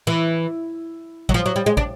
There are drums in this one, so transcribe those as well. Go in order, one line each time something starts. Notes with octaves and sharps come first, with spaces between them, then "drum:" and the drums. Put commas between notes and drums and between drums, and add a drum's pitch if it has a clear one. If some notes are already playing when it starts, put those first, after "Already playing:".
E3
F#3, drum: kick
F3
F#3
G3
G#3
D4, drum: kick